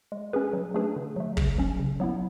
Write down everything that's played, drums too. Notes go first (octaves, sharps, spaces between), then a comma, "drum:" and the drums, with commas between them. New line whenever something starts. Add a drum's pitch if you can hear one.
G#3
C#4 G#4 B4
F#3
A3 D4 G#4 B4
D3
F#3 A3
C#3, drum: kick
F#3 C#4
C#3
F#3 B3 E4